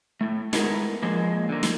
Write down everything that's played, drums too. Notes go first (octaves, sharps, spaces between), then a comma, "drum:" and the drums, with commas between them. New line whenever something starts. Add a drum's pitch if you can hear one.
A2 A3
G#3 A3 B3 E4 G#4 A#4, drum: snare
F3 G#3 A#3
D3 A#3
drum: snare